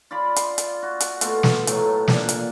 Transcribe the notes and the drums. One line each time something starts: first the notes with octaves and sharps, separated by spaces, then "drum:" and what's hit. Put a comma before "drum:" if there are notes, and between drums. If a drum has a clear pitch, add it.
F4 D5 B5
C6, drum: hi-hat
drum: hi-hat
F#4
drum: hi-hat
B2 A3 F4, drum: hi-hat
drum: snare
A2 F#3, drum: hi-hat
A#2 D4, drum: snare
drum: hi-hat